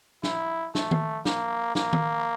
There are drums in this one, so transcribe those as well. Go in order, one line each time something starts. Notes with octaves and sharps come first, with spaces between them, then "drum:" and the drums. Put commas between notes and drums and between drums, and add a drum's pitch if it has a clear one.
E4, drum: snare
A3, drum: snare
drum: tom D#3
A#3, drum: snare
A#3, drum: snare
drum: tom D#3